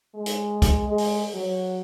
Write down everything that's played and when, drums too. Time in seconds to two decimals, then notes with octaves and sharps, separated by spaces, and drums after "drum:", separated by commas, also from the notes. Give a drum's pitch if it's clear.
0.15 G#3
0.26 drum: hi-hat
0.62 drum: kick, hi-hat
0.89 G#3
0.98 drum: open hi-hat
1.34 F#3